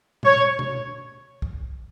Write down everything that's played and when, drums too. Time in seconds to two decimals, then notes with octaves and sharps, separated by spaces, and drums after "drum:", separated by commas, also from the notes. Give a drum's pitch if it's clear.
0.23 C#5, drum: tom A#2
0.59 drum: tom B2
1.42 drum: kick